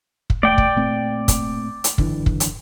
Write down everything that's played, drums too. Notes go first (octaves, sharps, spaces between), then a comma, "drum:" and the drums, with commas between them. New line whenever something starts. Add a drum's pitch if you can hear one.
drum: kick
E1 A3 D5 G5
drum: kick
A#2 A3 C4
drum: kick, hi-hat
drum: hi-hat
F#1 D3 E3, drum: kick
drum: kick
drum: hi-hat